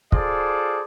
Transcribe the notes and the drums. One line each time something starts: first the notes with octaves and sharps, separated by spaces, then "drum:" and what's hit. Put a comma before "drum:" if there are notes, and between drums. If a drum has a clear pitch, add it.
F4 G#4 A4 C5 D5, drum: kick